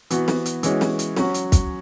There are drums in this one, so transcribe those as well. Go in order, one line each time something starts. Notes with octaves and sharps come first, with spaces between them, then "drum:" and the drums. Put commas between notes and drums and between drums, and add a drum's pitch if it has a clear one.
E3 B3 F#4, drum: hi-hat
drum: snare
drum: hi-hat
E3 G#3 C#4 F#4, drum: hi-hat
drum: snare
drum: hi-hat
F#3 C#4 F#4, drum: snare
drum: hi-hat
drum: kick, hi-hat